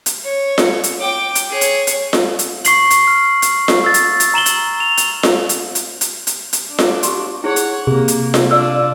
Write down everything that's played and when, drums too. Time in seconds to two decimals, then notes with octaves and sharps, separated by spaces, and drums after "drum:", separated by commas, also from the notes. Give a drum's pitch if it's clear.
0.06 drum: hi-hat
0.24 C#5
0.58 drum: snare F4
0.84 drum: hi-hat
1.01 G5 D6
1.35 drum: hi-hat
1.50 G#4 C#5
1.61 drum: hi-hat
1.87 drum: hi-hat
2.13 drum: snare F4
2.39 drum: hi-hat
2.65 C#6 C7 F#7, drum: hi-hat
2.90 drum: hi-hat
3.07 F6
3.42 drum: hi-hat
3.68 drum: snare F4
3.84 E6 A6
3.94 drum: hi-hat
4.20 drum: hi-hat
4.34 A#5 E7 F#7 G7
4.46 drum: hi-hat
4.80 F7
4.97 drum: hi-hat
5.23 drum: snare F4
5.49 drum: hi-hat
5.75 drum: hi-hat
6.01 drum: hi-hat
6.27 drum: hi-hat
6.53 drum: hi-hat
6.69 D4
6.79 drum: snare F4
7.03 F#4 G4, drum: hi-hat
7.44 E4 G#4 C#5 F#5
7.56 drum: hi-hat
7.87 C3 A#3 G#4
8.08 drum: hi-hat
8.34 drum: snare F4
8.51 D4 F4 D5 E6